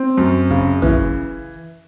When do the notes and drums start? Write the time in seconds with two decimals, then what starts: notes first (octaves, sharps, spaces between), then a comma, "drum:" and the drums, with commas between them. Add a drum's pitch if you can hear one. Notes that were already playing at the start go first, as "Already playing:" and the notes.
Already playing: C4
0.18 F#2
0.51 C#3, drum: kick
0.82 E3, drum: tom